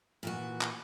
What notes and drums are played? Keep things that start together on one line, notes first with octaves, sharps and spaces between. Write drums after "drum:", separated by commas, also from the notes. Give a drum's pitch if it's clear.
A#2 E3 F#4
drum: clap